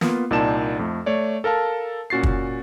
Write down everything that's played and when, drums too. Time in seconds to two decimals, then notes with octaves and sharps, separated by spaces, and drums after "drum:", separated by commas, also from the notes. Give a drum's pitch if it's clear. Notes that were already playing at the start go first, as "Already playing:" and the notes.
0.01 A#3 B3 F4, drum: snare
0.30 C2 A#2 D#4 D5 A5 E7
0.79 F2 A3
1.06 A3 C#5 D5
1.44 A4 A#4 F5 A5
2.10 A#2 C#4 F#4 A6 C7
2.23 drum: kick